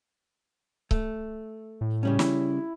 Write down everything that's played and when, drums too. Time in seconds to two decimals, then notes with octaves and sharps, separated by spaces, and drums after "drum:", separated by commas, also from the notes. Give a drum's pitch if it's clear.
0.91 A3, drum: kick C#1
1.81 A2
2.03 C#3 G3 C#4
2.19 E4, drum: snare